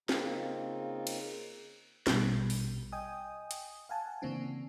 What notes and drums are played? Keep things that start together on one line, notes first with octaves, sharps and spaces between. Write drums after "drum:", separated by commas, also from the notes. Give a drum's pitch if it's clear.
C#3 A#3 C4 D#4 F4, drum: snare
drum: cymbal
A#1 B2 G3, drum: snare
drum: open hi-hat
D#5 G5 G#5 D#6
drum: hi-hat
F5 F#5 G#5 A5
C#3 E3 A#3 C4 D4